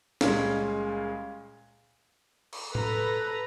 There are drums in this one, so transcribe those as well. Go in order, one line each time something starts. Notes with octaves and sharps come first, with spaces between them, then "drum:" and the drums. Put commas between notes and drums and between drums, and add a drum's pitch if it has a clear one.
C#2 A#2 G3 G#3 C#4 F5, drum: snare
drum: cymbal
A4 B4 A#5, drum: tom A2